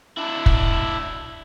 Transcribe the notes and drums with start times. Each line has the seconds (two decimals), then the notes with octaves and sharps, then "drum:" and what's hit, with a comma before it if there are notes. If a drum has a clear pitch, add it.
0.17 D4 E4
0.46 drum: kick